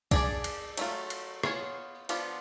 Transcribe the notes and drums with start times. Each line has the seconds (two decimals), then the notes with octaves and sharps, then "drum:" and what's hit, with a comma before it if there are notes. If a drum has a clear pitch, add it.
0.11 D4 G#4 D5, drum: kick B1, cymbal
0.44 drum: cymbal
0.77 F#3 A3 F4, drum: cymbal
1.10 drum: cymbal
1.43 B3 F4 G#4 C#5, drum: rim click
2.09 F3 B3 D4 F4, drum: cymbal